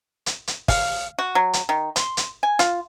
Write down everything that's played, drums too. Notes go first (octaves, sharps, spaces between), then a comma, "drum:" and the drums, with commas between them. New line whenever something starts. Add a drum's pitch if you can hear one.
drum: hi-hat
drum: hi-hat
F5, drum: kick, open hi-hat
F#4
F#3
drum: hi-hat
D#3
C6, drum: hi-hat
drum: hi-hat
G#5
F4, drum: hi-hat